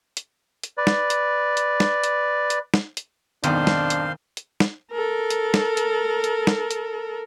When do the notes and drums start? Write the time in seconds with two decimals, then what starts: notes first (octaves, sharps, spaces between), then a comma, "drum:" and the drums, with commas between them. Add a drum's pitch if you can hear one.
0.17 drum: hi-hat
0.63 drum: hi-hat
0.77 B4 D5
0.87 drum: snare
1.10 drum: hi-hat
1.57 drum: hi-hat
1.80 drum: snare
2.04 drum: hi-hat
2.50 drum: hi-hat
2.74 drum: snare
2.97 drum: hi-hat
3.44 B1 F2 G#2 D#3 D4 C5 F5 C6, drum: hi-hat
3.67 drum: snare
3.90 drum: hi-hat
4.37 drum: hi-hat
4.60 drum: snare
4.92 A4 A#4
5.30 drum: hi-hat
5.54 drum: snare
5.77 drum: hi-hat
6.24 drum: hi-hat
6.47 drum: snare
6.71 drum: hi-hat